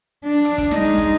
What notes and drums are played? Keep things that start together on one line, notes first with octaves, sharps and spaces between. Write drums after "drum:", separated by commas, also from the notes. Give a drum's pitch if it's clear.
D4
drum: hi-hat
drum: kick, hi-hat
G#3 D#4, drum: snare
drum: hi-hat
drum: kick, hi-hat